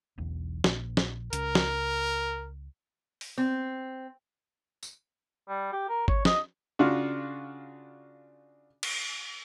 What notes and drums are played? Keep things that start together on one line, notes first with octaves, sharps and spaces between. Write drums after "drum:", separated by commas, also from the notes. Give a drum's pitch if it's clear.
E1 B1 E2
A#1, drum: snare
drum: snare
C#2 A#4, drum: hi-hat
drum: snare
drum: open hi-hat
C4
drum: tambourine
G3
G4
A#4
C#5, drum: kick G#1
D#5, drum: snare
C#3 D4 F4 F#4
drum: cymbal